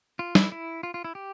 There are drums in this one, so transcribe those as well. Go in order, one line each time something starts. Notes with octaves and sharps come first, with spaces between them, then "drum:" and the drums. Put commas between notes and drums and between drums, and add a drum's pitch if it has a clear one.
F4
E4, drum: snare
E4
F4
F4
E4
G4